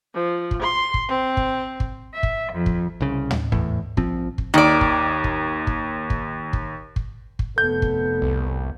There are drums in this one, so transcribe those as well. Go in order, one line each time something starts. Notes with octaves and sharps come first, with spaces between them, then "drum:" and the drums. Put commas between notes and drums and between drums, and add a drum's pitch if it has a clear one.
F3
drum: kick
C6
drum: kick
C4
drum: kick
drum: kick
E5
drum: kick
F2
drum: kick
C2 C#3
drum: tom
E2 A2, drum: kick
A#1 F3 C4, drum: kick
drum: kick
D#2 D#3 D5
drum: kick
drum: kick
drum: kick
drum: kick
drum: kick
drum: kick
drum: kick
F1 B3 A4 G6
drum: kick
C2